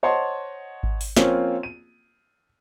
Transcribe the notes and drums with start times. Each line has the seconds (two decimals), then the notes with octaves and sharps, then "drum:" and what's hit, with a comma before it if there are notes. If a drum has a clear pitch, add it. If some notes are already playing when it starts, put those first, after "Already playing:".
0.03 C5 C#5 D#5 F#5 A5 C6
0.83 drum: kick G#1
1.01 drum: open hi-hat
1.17 F3 A#3 C4 C#4 F4 C#5, drum: snare
1.63 D#7